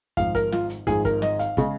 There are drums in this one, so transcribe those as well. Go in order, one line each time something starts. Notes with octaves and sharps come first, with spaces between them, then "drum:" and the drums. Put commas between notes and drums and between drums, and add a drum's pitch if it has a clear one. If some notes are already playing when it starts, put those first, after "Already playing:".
G#1 G#2 F3 F5, drum: kick, hi-hat
A#4, drum: kick, hi-hat
F4, drum: snare
drum: hi-hat
G#1 G#2 F3 G#4, drum: kick, hi-hat
A#4, drum: kick, hi-hat
D#5, drum: snare
F5, drum: hi-hat
C#3 G#3, drum: kick, hi-hat